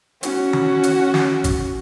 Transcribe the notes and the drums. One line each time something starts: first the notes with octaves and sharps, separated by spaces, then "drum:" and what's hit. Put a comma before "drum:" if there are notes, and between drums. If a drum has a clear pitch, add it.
C#4 F#4, drum: hi-hat
drum: tom D#3
drum: hi-hat
drum: snare
drum: kick G#1, hi-hat